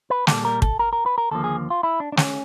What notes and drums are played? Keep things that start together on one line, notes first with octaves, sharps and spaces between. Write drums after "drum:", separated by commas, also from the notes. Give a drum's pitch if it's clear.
B4
A#2 G3 A#3 A4, drum: snare
A#4
A4, drum: kick
A#4
A#4
B4
A#4
D#2 D3 F3 A#3 A4
G#4
F4
E4
D4
D4
C#4, drum: snare